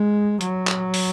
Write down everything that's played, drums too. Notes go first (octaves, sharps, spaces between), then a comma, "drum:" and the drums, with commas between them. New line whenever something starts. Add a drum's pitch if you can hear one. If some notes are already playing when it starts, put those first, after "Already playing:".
Already playing: G#3
F#3, drum: hi-hat
drum: clap
drum: open hi-hat